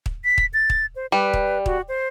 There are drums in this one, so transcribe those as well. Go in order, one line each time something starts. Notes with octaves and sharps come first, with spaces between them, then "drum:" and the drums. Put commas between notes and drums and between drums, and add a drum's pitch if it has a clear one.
drum: kick
B6
drum: kick
A6
drum: kick
C5
G3 B4
drum: kick
F#4, drum: kick
C5